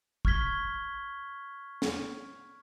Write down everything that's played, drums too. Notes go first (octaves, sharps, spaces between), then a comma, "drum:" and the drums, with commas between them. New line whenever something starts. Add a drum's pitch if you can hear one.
C#6 F6 G#6 B6 G7, drum: kick
drum: snare